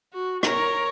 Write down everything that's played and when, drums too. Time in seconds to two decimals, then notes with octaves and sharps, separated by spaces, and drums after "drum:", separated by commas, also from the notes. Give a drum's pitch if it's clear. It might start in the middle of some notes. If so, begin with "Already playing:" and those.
0.12 F#4
0.43 A#4 C#5, drum: rim click